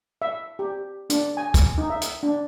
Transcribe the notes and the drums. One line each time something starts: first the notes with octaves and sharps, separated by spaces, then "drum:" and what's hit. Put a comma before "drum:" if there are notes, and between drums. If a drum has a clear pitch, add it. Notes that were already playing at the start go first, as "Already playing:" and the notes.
E5
G4
D4, drum: hi-hat
G#5
drum: kick, hi-hat
D#4
E5
drum: hi-hat
D4